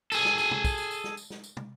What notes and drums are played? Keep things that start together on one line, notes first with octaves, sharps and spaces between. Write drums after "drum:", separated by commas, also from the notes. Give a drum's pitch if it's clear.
G#4 A4, drum: tambourine
drum: snare
drum: tambourine
drum: tom
drum: kick, tambourine
drum: tambourine
drum: tambourine
drum: snare
drum: tambourine
drum: snare
drum: tambourine
drum: tom